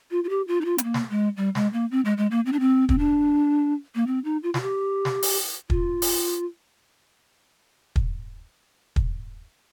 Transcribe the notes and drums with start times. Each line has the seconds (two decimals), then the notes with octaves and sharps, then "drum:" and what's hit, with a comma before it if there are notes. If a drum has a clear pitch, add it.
0.11 F4
0.24 F4
0.29 G4
0.48 F4
0.61 D#4
0.65 F4
0.78 C4, drum: hi-hat
0.83 A#3
0.94 drum: snare
1.10 G#3
1.37 G3
1.55 G#3, drum: snare
1.73 A#3
1.91 C4
2.05 G#3
2.18 G#3
2.31 A#3
2.46 C4
2.52 D4
2.60 C4
2.89 C4, drum: kick
2.99 D4
3.95 A#3
4.07 C4
4.25 D#4
4.43 F4
4.54 F4, drum: snare
4.61 G4
5.05 drum: snare
5.23 drum: open hi-hat
5.70 F4, drum: kick
6.02 drum: open hi-hat
7.96 drum: kick
8.96 drum: kick